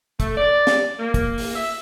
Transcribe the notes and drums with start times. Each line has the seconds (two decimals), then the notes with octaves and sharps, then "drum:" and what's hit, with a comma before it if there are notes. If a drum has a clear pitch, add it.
0.20 A3, drum: kick, hi-hat
0.37 D5
0.67 drum: snare
0.99 A#3
1.14 drum: kick, hi-hat
1.38 drum: open hi-hat
1.56 E5